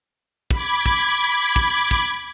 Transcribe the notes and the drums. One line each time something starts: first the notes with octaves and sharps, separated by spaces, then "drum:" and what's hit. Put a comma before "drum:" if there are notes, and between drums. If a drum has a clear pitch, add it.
B5 D6 G#6, drum: kick
drum: kick
drum: kick
drum: kick